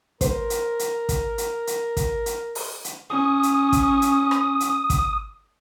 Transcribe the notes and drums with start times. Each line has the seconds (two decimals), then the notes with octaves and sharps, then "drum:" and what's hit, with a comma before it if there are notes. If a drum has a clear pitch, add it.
0.21 A#4 C5, drum: kick, hi-hat
0.50 drum: hi-hat
0.79 drum: hi-hat
1.09 drum: kick, hi-hat
1.38 drum: hi-hat
1.67 drum: hi-hat
1.97 drum: kick, hi-hat
2.26 drum: hi-hat
2.55 drum: open hi-hat
2.85 drum: hi-hat
3.10 C#4 D#6
3.43 drum: hi-hat
3.72 drum: kick, hi-hat
4.02 drum: hi-hat
4.31 drum: rim click
4.60 drum: hi-hat
4.90 drum: kick, hi-hat